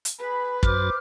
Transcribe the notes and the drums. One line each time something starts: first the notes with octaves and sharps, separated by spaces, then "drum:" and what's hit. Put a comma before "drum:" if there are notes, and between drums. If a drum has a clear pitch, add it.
drum: hi-hat
G#4 B4 B5
F#2 C5 D6 F6 A6, drum: kick